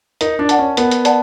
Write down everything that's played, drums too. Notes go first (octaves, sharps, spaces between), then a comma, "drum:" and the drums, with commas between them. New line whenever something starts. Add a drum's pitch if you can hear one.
D#4 A#4, drum: hi-hat
D4
D5 F#5 A5, drum: hi-hat
C#4
B3 A#4, drum: hi-hat
drum: hi-hat
D5 F#5 A5, drum: hi-hat